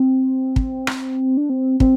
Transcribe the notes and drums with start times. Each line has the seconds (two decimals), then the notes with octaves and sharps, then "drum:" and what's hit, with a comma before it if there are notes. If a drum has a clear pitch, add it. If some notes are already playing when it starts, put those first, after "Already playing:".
Already playing: C4
0.56 drum: kick
0.87 drum: rim click
1.37 D4
1.49 C4
1.80 C4, drum: kick